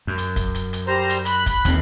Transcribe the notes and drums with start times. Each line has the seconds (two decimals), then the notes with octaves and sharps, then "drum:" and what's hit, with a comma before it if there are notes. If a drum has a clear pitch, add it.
0.07 F#2
0.18 drum: hi-hat
0.36 drum: kick, hi-hat
0.55 drum: hi-hat
0.73 drum: hi-hat
0.87 G3 C5 A#5
1.10 drum: hi-hat
1.25 B5 F#6, drum: hi-hat
1.46 drum: kick, hi-hat
1.65 D#2 D#3 C4, drum: hi-hat